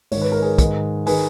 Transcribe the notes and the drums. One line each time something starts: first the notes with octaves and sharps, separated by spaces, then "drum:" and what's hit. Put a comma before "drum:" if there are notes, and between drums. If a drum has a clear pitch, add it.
G#2 D#3 C#5, drum: open hi-hat
B4
A#4
G#4 B4
G#2 D#3, drum: kick, hi-hat
D#3 G#4 B4, drum: open hi-hat